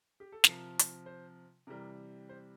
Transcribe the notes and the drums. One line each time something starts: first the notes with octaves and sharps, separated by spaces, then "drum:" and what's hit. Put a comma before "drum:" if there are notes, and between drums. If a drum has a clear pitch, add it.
G4
A4
C3 F3 A#4, drum: snare
drum: hi-hat
C5
C3 E3 G3 A#4
C5